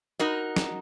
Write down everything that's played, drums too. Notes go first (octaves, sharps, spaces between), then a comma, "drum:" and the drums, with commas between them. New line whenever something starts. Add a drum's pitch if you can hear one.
D#4 F#4 A#4 D#5
drum: snare